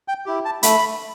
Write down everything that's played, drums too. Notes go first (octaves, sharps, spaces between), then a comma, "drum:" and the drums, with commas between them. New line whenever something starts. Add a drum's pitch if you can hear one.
G5
E4 G4
A5
A3 B5, drum: hi-hat